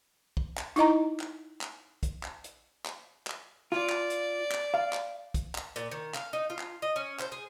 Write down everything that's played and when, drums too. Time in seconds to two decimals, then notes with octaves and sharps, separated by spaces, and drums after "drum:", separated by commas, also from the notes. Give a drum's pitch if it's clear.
0.37 drum: kick
0.58 drum: clap
0.76 D#4 E4 D#5 A#5, drum: hi-hat
1.20 drum: clap
1.61 drum: clap
2.03 drum: kick, hi-hat
2.23 drum: clap
2.44 drum: hi-hat
2.86 drum: clap
3.27 drum: clap
3.72 F4 D5
3.89 drum: clap
4.10 drum: hi-hat
4.51 drum: clap
4.74 F5
4.93 drum: clap
5.34 drum: kick, hi-hat
5.55 drum: clap
5.76 A#2, drum: hi-hat
5.91 D#3
6.14 F5, drum: clap
6.33 D#4
6.50 F4
6.59 drum: clap
6.82 D#5
6.96 C#4
7.19 C5, drum: clap
7.32 G#4